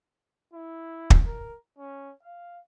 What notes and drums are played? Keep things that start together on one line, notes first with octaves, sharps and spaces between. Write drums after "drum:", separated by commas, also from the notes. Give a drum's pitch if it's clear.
E4
drum: kick
A#4
C#4
F5